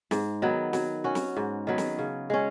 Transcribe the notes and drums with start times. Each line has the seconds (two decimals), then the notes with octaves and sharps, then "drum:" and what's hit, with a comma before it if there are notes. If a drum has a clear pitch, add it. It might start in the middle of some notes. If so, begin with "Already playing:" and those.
0.11 G#2, drum: snare
0.42 D#3 F#3 B3
0.73 F#3, drum: snare
1.04 C#4 F#4
1.15 drum: snare
1.36 G#2
1.67 D#3 F#3 B3
1.78 drum: snare
1.98 C#3
2.30 G#3 C#4